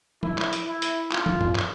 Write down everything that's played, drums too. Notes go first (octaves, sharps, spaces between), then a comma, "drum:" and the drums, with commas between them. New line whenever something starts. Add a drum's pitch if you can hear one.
E4, drum: tom
drum: clap
drum: hi-hat
E4
drum: hi-hat
F4, drum: clap
drum: tom
drum: tom
drum: clap